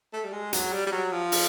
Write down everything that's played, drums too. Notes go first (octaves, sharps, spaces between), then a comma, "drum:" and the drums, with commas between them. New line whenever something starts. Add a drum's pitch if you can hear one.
A3
G3
G#3
F#3, drum: hi-hat
G3
G3
F#3
F3
drum: open hi-hat